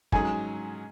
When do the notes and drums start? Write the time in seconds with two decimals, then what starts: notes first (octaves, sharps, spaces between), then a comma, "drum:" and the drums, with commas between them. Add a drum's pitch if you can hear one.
0.12 G#2 F#3 C#4 G#4 G#5, drum: kick